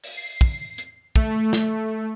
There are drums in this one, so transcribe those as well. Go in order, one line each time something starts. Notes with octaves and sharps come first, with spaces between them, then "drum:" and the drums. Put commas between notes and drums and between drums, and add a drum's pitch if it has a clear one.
drum: open hi-hat
C7
drum: kick
drum: hi-hat
A3, drum: kick
drum: snare